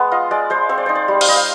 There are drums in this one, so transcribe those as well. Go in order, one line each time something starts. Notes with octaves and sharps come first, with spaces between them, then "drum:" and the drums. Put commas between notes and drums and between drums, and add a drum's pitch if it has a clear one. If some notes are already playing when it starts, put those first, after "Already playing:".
Already playing: G#3 B3
F4 D#5
G#3 D5
G#3 C5
C4 C5
D5
D#4 C5
D5
G3
F5, drum: cymbal
G3 D#5
F5